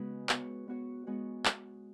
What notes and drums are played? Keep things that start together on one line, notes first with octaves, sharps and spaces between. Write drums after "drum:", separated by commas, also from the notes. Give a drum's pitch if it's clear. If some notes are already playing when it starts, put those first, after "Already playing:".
Already playing: C#3 G#3 B3 F#4 G#4 B4 D#5
B3 F#4 C#5, drum: clap
B3 F#4 C#5
G#3 B3 F#4 C#5
drum: clap